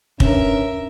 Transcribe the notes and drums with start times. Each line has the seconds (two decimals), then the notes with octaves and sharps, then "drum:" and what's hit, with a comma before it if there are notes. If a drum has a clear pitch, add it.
0.20 G2 C#4 A#4 E5, drum: kick